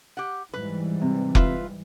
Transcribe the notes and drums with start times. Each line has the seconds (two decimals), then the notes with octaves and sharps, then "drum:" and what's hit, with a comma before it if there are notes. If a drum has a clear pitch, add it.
0.17 G4 F#5
0.54 G#2 E3 G3 B4
1.02 C3
1.35 F4 B4 E5, drum: kick F1